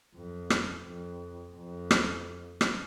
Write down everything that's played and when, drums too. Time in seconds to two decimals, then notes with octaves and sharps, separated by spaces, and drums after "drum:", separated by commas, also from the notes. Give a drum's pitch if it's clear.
0.16 F2
0.50 drum: rim click
0.86 F2
1.56 F2
1.91 drum: rim click
2.61 drum: rim click